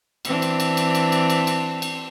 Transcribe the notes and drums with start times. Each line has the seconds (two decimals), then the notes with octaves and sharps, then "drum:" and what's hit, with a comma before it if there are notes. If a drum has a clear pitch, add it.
0.25 E3 C4 D4, drum: cymbal
0.42 drum: cymbal
0.60 drum: cymbal
0.77 drum: cymbal
0.95 drum: cymbal
1.12 drum: cymbal
1.30 drum: cymbal
1.47 drum: cymbal
1.82 drum: cymbal